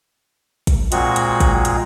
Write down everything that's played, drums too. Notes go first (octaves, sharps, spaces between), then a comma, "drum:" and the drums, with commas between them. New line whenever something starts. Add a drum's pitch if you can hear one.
drum: kick, hi-hat
A#2 G#3 C4 F#4, drum: hi-hat
drum: hi-hat
drum: kick, hi-hat
drum: hi-hat